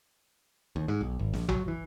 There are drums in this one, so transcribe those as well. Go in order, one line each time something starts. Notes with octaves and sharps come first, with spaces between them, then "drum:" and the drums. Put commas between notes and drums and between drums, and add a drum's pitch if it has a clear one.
D#2
G#2
B1
G#1
A#1, drum: snare
F#3, drum: tom
E3